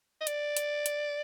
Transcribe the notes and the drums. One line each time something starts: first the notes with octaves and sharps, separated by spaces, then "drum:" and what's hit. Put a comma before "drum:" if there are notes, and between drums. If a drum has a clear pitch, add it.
D#5
D5, drum: hi-hat
drum: hi-hat
drum: hi-hat